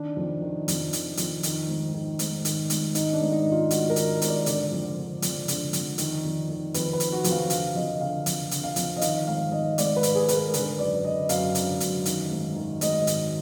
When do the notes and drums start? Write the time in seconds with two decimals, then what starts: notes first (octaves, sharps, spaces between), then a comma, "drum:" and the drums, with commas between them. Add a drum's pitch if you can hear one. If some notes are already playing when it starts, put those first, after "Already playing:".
Already playing: D#3 D4
0.17 F2
0.42 D#3
0.68 F2, drum: hi-hat
0.93 D#3, drum: hi-hat
1.17 F2, drum: hi-hat
1.43 D#3, drum: hi-hat
1.68 G#2
1.94 D#3
2.19 G#2, drum: hi-hat
2.45 D#3, drum: hi-hat
2.70 G#2, drum: hi-hat
2.95 D#3 D#4, drum: hi-hat
3.13 D4
3.21 G#2
3.32 D#4
3.46 D#3
3.52 F4
3.71 G#2 F#4, drum: hi-hat
3.90 A#4
3.96 D#3, drum: hi-hat
4.22 G#2, drum: hi-hat
4.28 D5
4.46 D3 D5, drum: hi-hat
4.72 F2
4.97 D3
5.22 F2, drum: hi-hat
5.48 D3, drum: hi-hat
5.73 F2, drum: hi-hat
5.98 D#3, drum: hi-hat
6.23 F2
6.49 D#3
6.74 F2 B4, drum: hi-hat
6.93 B4
7.00 D#3, drum: hi-hat
7.12 F#4
7.24 F2, drum: hi-hat
7.31 F5
7.50 D3 F5, drum: hi-hat
7.75 F2 D#5
8.01 D3 F5
8.26 F2, drum: hi-hat
8.51 D3, drum: hi-hat
8.63 F5
8.76 F2, drum: hi-hat
8.97 D#5
9.01 D#3 F5, drum: hi-hat
9.27 G#2 F5
9.52 D#3 D#5
9.78 G#2 D5, drum: hi-hat
9.96 B4
10.03 D#3, drum: hi-hat
10.15 G#4
10.28 G#2 B4, drum: hi-hat
10.35 A#4
10.54 D3 B4, drum: hi-hat
10.79 F#2 D5
11.04 D3 D#5
11.29 F#2 F5, drum: hi-hat
11.55 D3, drum: hi-hat
11.80 F#2, drum: hi-hat
12.06 D#3, drum: hi-hat
12.30 G#2
12.56 D#3
12.81 G#2 D#5, drum: hi-hat
13.07 D#3, drum: hi-hat